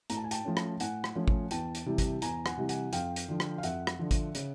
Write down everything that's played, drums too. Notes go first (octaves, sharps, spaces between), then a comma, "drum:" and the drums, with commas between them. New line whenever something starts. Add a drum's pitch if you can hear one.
A2 A#5, drum: hi-hat
A5
G#5
G5 A5, drum: hi-hat
F3 A3 C#4
drum: rim click
A2 F#5 G#5, drum: hi-hat
drum: rim click
F3 A3 C#4
drum: kick
E2 G5 A5, drum: hi-hat
drum: hi-hat
C3 E3 G3
drum: kick, hi-hat
E2 G#5 A#5, drum: hi-hat
F#5 G#5, drum: rim click
C3 E3 G3
F#5 G#5, drum: hi-hat
F2 F5 G5, drum: hi-hat
drum: hi-hat
D3 F3
drum: rim click
F5
F2 E5 F#5, drum: hi-hat
drum: rim click
D3 F3
drum: kick, hi-hat
C#3, drum: hi-hat